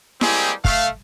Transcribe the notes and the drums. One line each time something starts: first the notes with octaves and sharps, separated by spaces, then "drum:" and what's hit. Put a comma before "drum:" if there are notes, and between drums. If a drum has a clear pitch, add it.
G3 G#3 A#3 C4 G4 G#4, drum: snare E4
A3 F5, drum: kick